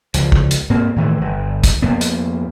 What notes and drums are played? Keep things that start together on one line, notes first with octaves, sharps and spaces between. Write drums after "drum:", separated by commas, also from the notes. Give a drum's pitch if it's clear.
C#2 F3, drum: hi-hat
drum: kick
drum: hi-hat
G#2 A#3 C4
A2 D#3 E3 A3
G1
drum: kick, hi-hat
F2 A#3 B3
drum: hi-hat